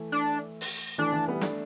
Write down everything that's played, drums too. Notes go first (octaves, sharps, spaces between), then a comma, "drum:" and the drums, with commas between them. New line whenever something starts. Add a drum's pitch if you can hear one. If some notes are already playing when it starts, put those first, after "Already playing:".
Already playing: E3 A3
D4
drum: open hi-hat
E3 A3 D4
E3 A3
G3 B3
A3 D4, drum: snare